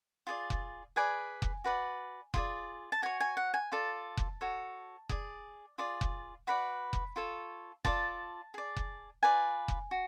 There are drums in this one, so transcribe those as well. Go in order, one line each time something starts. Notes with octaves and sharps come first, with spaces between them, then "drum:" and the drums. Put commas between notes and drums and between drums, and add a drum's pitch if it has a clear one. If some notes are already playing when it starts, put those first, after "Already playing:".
F4 G#4 D5
drum: kick F1
G#4 B4 D5 G#5
drum: kick F1
F#4 B4 D5
F4 G#4 D5, drum: kick F1
A5
F#4 C#5 G#5
G#5
F#5
G#5
F4 A4 D5 A5
drum: kick F1
F#4 A4 C#5
G#4 D5, drum: kick F1
F4 G#4 D5
drum: kick F1
F#4 B4 D5 B5
drum: kick F1
F4 A4 C#5
F4 A4 D5 A5, drum: kick F1
G#4 D5
drum: kick F1
F4 B4 D5 G#5
drum: kick F1
F#4